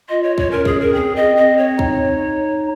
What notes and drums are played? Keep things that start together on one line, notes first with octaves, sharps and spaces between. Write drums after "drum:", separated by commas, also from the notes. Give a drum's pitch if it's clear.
F4 D#5
C#5
C#5, drum: kick
C#4 A#4
G#4, drum: kick
A#4
C4 G#4
D#5
C4 D#5
C#5
D#4, drum: kick